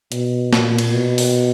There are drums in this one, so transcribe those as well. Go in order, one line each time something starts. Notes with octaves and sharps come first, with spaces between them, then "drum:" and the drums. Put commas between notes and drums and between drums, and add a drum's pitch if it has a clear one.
B2, drum: hi-hat
A#2, drum: snare
drum: cymbal
B2
drum: open hi-hat